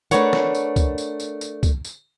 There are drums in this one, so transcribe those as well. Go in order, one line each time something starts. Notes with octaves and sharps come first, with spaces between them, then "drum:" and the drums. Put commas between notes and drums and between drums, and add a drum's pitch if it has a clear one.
A3 D4 A#4 B4 C#5 F#5, drum: tambourine
drum: snare
drum: tambourine
drum: kick, tambourine
drum: tambourine
drum: tambourine
drum: tambourine
drum: kick, tambourine
drum: tambourine